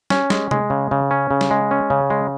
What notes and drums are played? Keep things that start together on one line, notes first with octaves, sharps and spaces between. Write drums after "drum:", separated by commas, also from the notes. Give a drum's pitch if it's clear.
C#4, drum: snare
G#3, drum: snare
G#3, drum: tom C3
C#3
C#3
C#4
C#3
drum: snare
G#3
C#4
C#3
G#3